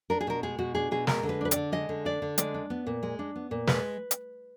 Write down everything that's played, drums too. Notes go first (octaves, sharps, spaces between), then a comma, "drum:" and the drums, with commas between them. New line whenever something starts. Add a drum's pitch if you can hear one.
D4 A#4
G#4
B2 A#4
G#3 G#4
B2 F#4
D4 G#4
B2 G#4
G#3 A#4, drum: snare
D3
B4
D4 B4
D3 D5, drum: hi-hat
G#3 D#5
D3
D4 D5
D3
G#3 D5, drum: hi-hat
D4
B3
A#2
G#3
D4
B3
A#2
G#3 B4, drum: snare
drum: hi-hat